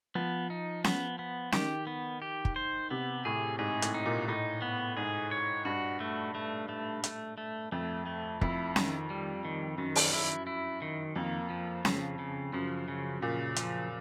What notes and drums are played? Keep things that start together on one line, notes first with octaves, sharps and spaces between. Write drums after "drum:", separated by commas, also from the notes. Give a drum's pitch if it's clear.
F3 B3
D#4
B3, drum: snare C#4
B3
D#3 G4, drum: snare C#4
B3
G4
drum: kick
C5
C3 B3
A2 G#4
G#2 G#4
A2, drum: hi-hat
D#4
A#2
A2 D#4
B3
G#2 G#4
C#5
G2 F#4
A3
A3
A3
A3, drum: hi-hat
A3
F2 A3
A3
F2 E4, drum: kick
D#3, drum: snare C#4
G3
D#3
F#2 D#3
drum: open hi-hat
E4
E4
D#3
F2 A#3
F3
C#3, drum: snare C#4
C#3
F#2 F3
C#3
A#2 C#3
F3, drum: hi-hat